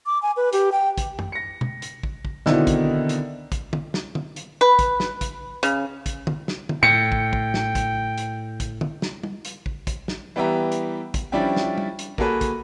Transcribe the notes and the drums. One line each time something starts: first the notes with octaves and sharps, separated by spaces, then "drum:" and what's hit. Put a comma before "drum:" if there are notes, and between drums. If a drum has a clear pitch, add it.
D6
G#5
B4
G4, drum: hi-hat
G5
drum: kick, hi-hat
drum: tom
A#6 C#7
drum: tom B2
drum: hi-hat
drum: kick
drum: kick
B2 D3 D#3 C4 D#4 E4, drum: snare
drum: kick, hi-hat
drum: hi-hat
drum: kick, hi-hat
drum: tom D3
drum: snare
drum: tom D3
drum: hi-hat
B4
drum: kick, hi-hat
drum: snare
drum: kick, hi-hat
C#3, drum: hi-hat
drum: kick, hi-hat
drum: tom D3
drum: snare
drum: tom D3
A2 G5 C#7
drum: kick
drum: kick
drum: snare
drum: kick, hi-hat
drum: hi-hat
drum: kick, hi-hat
drum: tom D3
drum: snare
drum: tom
drum: hi-hat
drum: kick
drum: kick, hi-hat
drum: snare
E3 G3 B3 G4 E5 A#5
drum: hi-hat
drum: kick, hi-hat
F3 G3 C#4 D4 E4 G4
drum: snare
drum: tom
drum: hi-hat
A#3 F#4 G#4 A4 B4, drum: kick
drum: kick, hi-hat